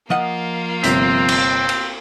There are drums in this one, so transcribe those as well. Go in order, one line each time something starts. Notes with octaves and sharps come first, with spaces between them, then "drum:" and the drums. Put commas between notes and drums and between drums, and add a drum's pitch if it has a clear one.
F3 A#3 F4 D#5 F#5
G1 C3 C4 B6, drum: hi-hat
drum: cymbal
drum: cymbal